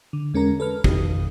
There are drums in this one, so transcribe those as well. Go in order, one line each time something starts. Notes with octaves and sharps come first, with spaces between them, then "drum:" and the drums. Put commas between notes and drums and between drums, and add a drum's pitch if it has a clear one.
D3
E2 G#3 C#4 A#4 A#5
A4 B4 F6
F2 B2 D#3 D#4 G4 D#6, drum: kick